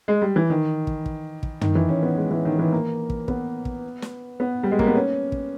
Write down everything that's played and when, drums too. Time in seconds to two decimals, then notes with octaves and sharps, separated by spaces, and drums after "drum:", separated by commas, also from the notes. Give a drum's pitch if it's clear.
0.08 G#3
0.22 G3
0.36 E3
0.50 D#3
0.87 drum: kick
1.06 drum: kick
1.43 drum: kick
1.61 D#3, drum: tom
1.75 E3
1.89 C#4
2.03 B3
2.17 G#3
2.31 E3
2.45 D#3
2.59 E3
2.72 A#3
3.10 drum: kick
3.28 B3, drum: kick
3.65 drum: kick
4.02 drum: snare
4.40 B3
4.63 G3
4.71 G#3
4.79 A#3, drum: kick
4.87 B3
4.95 C#4
5.32 drum: kick